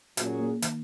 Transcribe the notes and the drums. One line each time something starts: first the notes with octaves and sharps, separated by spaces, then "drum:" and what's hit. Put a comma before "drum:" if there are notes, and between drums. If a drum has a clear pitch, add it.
A#2 F#3 C#4 F#4 G#4, drum: hi-hat
A#3
D#3, drum: hi-hat